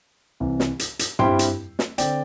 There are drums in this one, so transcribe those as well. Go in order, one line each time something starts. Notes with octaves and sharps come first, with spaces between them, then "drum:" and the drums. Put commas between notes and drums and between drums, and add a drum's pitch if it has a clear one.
C2 C3 E3
drum: snare
drum: hi-hat
drum: hi-hat
G2 G3 C4 E4 G5 C6, drum: tom
drum: hi-hat
drum: snare
D3 C4 D5 G5, drum: hi-hat